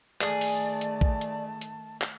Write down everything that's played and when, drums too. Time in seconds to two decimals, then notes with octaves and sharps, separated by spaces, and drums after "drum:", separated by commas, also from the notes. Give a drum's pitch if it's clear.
0.21 D#3 A3 G#4 D5 A5, drum: clap
0.41 drum: open hi-hat
0.81 drum: hi-hat
1.01 drum: kick
1.21 drum: hi-hat
1.61 drum: hi-hat
2.02 drum: clap